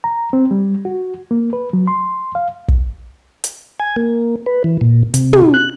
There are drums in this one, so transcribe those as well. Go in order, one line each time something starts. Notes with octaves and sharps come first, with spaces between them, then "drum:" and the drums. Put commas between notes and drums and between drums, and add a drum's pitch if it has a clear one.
A#5
C4
G3
F#4
A#3
B4
F#3
C6
F5
drum: kick
drum: hi-hat
G#5
A#3
B4
E3
A#2
C3, drum: hi-hat
drum: tom
F#6